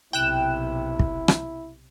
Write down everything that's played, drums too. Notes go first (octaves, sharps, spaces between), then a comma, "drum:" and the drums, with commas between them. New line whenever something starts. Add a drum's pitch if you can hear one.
B1 C3 E4 G5 F#6 E7
drum: kick
drum: rim click